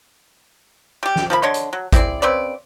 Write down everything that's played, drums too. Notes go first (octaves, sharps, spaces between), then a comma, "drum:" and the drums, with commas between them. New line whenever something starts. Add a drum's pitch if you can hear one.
G3 G4
drum: snare
F3 A#3 G#4 B5
D3 C#5 D#5 C6
drum: hi-hat
F#3
C4 E4 G#4 D5, drum: kick G#1, hi-hat
C#3 C4 B4 D5